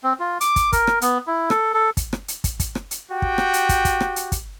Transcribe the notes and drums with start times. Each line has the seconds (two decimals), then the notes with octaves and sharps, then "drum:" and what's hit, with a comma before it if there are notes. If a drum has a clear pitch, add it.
0.03 C4
0.20 F4
0.41 D6, drum: hi-hat
0.56 drum: kick, hi-hat
0.73 A#4, drum: kick, hi-hat
0.87 drum: rim click
1.02 B3, drum: hi-hat
1.27 E4
1.50 A4, drum: rim click
1.74 A4
1.97 drum: kick, hi-hat
2.13 drum: rim click
2.28 drum: hi-hat
2.44 drum: kick, hi-hat
2.60 drum: kick, hi-hat
2.75 drum: rim click
2.91 drum: hi-hat
3.11 F#4 G4 G5
3.22 drum: kick
3.38 drum: rim click
3.54 drum: hi-hat
3.69 drum: kick, hi-hat
3.85 drum: kick, hi-hat
4.00 drum: rim click
4.16 drum: hi-hat
4.32 drum: kick, hi-hat